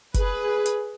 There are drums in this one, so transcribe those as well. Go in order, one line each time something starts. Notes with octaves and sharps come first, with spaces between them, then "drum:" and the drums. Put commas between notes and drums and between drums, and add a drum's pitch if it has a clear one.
G#4 B4, drum: kick F#1, hi-hat
drum: hi-hat